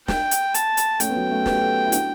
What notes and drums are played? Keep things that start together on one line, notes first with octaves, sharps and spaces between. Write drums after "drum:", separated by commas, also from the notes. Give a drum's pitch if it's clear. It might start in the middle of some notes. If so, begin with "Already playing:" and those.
G5, drum: snare
drum: hi-hat
A5, drum: hi-hat
drum: hi-hat
A3 C#4 G5, drum: hi-hat
B3
F#3 A3
A3 C#4
A4
G4 B4, drum: snare
F#4 A4
E4
D4 F#4, drum: hi-hat